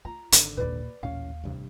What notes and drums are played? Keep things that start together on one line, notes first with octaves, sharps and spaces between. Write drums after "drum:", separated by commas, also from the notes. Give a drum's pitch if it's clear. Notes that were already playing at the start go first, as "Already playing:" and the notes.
F4 A#5
G#1 D3 D#4, drum: hi-hat
D#2 A#2 B4 D5
A1 D#2 A#2 C#4 F5
A1 G2 C3